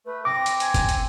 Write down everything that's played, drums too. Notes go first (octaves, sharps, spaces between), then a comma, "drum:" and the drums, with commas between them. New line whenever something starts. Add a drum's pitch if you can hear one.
A3 B4
C4 D6 A#6
drum: hi-hat
G#5, drum: hi-hat
drum: kick F#1, hi-hat
drum: hi-hat